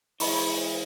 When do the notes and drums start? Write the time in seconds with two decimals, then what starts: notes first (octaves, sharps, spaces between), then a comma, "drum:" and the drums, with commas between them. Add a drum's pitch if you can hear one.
0.20 E3 G#3 D#5 B5 C#6, drum: open hi-hat